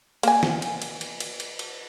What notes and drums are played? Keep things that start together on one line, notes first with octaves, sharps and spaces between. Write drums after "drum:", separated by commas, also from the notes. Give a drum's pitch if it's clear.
A#3 G#5, drum: cymbal
drum: snare
drum: cymbal
drum: cymbal
drum: cymbal
drum: cymbal
drum: cymbal
drum: cymbal